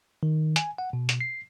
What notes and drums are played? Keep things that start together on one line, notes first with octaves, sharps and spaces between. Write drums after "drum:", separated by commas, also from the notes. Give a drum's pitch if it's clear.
D#3
G#5, drum: hi-hat
F#5
B2
drum: hi-hat
C7